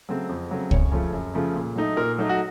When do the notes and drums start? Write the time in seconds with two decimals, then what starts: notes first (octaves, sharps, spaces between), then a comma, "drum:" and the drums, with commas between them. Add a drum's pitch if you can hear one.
0.09 C#3 F#3 A3 C4
0.29 F2
0.50 C#3 F#3 A3 C4
0.71 F#2 C#5, drum: kick
0.91 C#3 F3 A3 C#4
1.13 F#2
1.34 C#3 F3 A3 C#4
1.56 A#2
1.75 F#3 A3 D#4
1.97 A#2 A#4
2.18 F#3 A3 D#4
2.29 F#4